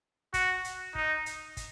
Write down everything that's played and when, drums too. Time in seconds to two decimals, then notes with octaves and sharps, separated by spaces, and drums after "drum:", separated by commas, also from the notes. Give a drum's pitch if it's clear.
0.34 F#4, drum: kick, hi-hat
0.64 drum: hi-hat
0.95 D#4, drum: kick
1.26 drum: hi-hat
1.57 drum: kick, hi-hat